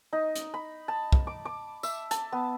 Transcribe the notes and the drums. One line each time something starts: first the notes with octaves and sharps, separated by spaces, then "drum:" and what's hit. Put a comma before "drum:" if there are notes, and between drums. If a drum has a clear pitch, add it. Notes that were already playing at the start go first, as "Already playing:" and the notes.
D#4
drum: hi-hat
B5
A5
drum: kick
D6
D6
E5, drum: tambourine
A5, drum: hi-hat
B3